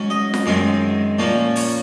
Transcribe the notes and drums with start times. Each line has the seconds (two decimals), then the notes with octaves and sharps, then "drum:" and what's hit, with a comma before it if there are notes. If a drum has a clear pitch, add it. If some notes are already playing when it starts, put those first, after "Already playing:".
Already playing: G#2 F#3 C#4
0.10 D#5
0.34 drum: snare F4
0.46 F#2 D#3 G#3 C4
1.19 A#2 F3 A#3 C#4
1.56 C#5, drum: open hi-hat